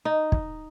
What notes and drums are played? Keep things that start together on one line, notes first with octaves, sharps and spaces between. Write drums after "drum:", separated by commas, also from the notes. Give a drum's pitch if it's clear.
D#4
drum: kick